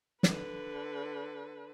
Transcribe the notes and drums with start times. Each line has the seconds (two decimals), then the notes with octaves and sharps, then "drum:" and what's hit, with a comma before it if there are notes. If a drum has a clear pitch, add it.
0.23 D3 B4, drum: snare